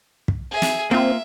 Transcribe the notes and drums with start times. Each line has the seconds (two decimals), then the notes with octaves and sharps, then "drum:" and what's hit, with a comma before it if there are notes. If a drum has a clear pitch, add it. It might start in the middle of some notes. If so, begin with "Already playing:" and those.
0.28 drum: kick
0.51 G#4 E5
0.62 drum: snare
0.91 A#3 C4 F4 E5